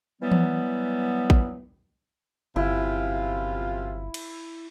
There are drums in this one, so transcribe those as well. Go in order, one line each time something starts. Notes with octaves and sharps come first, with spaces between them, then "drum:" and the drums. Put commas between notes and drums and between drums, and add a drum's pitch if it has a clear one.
E3 F#3 G3 B3
drum: tom E3
drum: kick A1
G1 F#2 C3 E4 F4
drum: cymbal